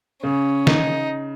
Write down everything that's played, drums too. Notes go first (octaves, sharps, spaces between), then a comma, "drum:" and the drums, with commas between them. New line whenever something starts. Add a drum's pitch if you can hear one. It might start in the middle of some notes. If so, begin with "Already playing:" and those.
C#3 C#4
D#4, drum: snare